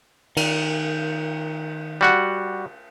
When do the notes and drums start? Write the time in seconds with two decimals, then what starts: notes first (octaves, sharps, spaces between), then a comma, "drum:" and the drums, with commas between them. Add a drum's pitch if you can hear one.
0.37 D#3, drum: cymbal
2.01 G3 F#4 F#5